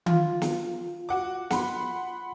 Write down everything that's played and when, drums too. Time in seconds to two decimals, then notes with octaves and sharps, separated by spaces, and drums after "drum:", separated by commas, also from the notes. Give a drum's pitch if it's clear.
0.06 F4, drum: tom D#3
0.42 drum: snare
1.09 F#4 F#5 D6
1.51 F#5 B5 C6, drum: snare